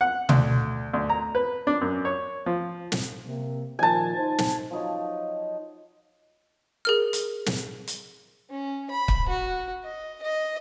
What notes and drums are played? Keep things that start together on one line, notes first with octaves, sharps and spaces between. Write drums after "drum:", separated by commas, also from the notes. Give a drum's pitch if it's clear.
F#5
D2, drum: tom B2
D2
A#5
B4
D4
F#2
C#5
F3
drum: snare
C3 A#3
A#2 D#3 F3 G#5 A5
D#4 C5
drum: snare
F3 F#3 D#4 C#5
G#4 A#4 F6
drum: hi-hat
drum: snare
drum: hi-hat
C#4
B5
drum: kick
F#4
D#5
D#5